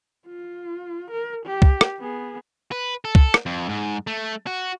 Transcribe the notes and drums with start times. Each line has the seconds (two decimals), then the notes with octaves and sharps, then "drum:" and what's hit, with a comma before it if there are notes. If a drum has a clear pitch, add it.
0.26 F4
1.11 A#4
1.46 G4
1.62 drum: kick
1.81 drum: rim click
2.00 B3 G#4
2.72 B4
3.05 A4
3.15 drum: kick
3.34 drum: rim click
3.46 F2
3.69 G#2
4.07 A3
4.47 F#4